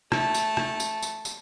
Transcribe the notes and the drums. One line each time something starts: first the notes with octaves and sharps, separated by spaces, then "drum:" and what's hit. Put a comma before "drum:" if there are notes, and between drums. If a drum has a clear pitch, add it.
A3 A5, drum: rim click
drum: tambourine
drum: rim click
drum: tambourine
drum: tambourine
drum: tambourine